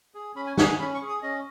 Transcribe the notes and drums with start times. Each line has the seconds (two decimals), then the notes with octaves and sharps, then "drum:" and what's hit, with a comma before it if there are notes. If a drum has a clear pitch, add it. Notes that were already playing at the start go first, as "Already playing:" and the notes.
0.15 G#4
0.35 C#4 B5
0.46 G#5
0.58 G#4 F#5, drum: snare
0.68 G#5
0.79 C#4 B5
0.94 C#6
1.02 G#4
1.08 D#6
1.22 C#4 D#5